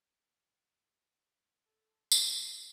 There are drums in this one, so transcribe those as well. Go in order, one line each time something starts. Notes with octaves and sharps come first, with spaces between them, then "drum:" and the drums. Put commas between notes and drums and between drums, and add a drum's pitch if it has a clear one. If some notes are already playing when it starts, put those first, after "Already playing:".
A4
C6
E4, drum: tambourine
E6
B4